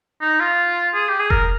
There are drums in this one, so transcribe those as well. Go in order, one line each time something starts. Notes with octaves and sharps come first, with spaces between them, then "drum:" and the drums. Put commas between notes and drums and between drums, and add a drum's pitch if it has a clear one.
D#4
F4
G#4
G4
G#4
A#4, drum: kick F1